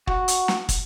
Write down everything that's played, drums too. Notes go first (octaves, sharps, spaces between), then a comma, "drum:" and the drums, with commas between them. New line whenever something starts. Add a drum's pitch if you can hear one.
F#4, drum: kick
drum: hi-hat
drum: snare
drum: kick, hi-hat